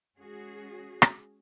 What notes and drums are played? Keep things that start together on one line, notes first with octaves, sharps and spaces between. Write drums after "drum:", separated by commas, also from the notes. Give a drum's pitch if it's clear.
G#3 C#4 F#4 G#4
drum: rim click